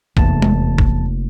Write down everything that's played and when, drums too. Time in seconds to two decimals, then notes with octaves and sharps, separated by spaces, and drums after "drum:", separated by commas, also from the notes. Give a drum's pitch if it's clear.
0.17 F1 E2 A#3 A5, drum: kick
0.42 drum: tom G#3
0.78 drum: kick